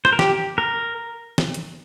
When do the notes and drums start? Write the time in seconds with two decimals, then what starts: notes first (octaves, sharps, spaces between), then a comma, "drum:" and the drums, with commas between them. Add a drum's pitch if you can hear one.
0.05 C5, drum: rim click
0.13 A#4
0.19 G4, drum: snare
0.58 A#4
1.38 drum: snare
1.54 drum: hi-hat